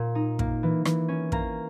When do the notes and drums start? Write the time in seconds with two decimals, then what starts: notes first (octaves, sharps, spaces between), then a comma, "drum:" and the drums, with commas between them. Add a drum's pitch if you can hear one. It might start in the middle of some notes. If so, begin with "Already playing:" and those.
Already playing: A#2
0.15 D#4
0.39 A#3, drum: kick
0.63 E3
0.85 E3, drum: rim click
1.08 C#4
1.32 A#3 A#5, drum: kick